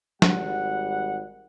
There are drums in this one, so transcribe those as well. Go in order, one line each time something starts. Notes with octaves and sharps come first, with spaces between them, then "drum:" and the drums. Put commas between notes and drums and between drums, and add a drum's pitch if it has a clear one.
G#1 G3 F#5, drum: snare